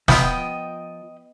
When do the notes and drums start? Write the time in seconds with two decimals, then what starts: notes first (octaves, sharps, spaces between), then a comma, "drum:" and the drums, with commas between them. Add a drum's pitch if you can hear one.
0.08 F3 B3 D#5 G5, drum: snare